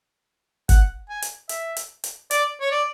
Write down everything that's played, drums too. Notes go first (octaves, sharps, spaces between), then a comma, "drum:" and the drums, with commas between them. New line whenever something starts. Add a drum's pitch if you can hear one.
F#5, drum: kick, hi-hat
G#5
drum: hi-hat
E5, drum: hi-hat
drum: hi-hat
drum: hi-hat
D5, drum: hi-hat
C#5
D5